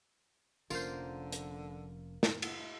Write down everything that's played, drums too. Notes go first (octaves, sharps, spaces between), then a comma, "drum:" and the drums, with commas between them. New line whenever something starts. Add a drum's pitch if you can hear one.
F1 D3 F3 A#3 C#4 F4 A#4 C5, drum: tambourine
drum: hi-hat
drum: snare
drum: cymbal